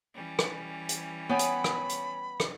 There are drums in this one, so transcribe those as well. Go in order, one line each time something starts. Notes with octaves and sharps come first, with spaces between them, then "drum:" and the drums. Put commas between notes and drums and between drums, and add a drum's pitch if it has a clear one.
E3 G3 C#4
drum: rim click
drum: hi-hat
B3 C#5 G5 G#5 B5
drum: hi-hat
drum: rim click
drum: hi-hat
drum: rim click